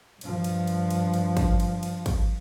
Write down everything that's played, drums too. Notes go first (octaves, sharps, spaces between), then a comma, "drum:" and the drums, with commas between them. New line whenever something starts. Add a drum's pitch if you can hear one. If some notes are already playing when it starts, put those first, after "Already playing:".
G2 F3, drum: cymbal
drum: cymbal
drum: cymbal
drum: cymbal
drum: cymbal
drum: kick, cymbal
drum: cymbal
drum: cymbal
drum: kick, cymbal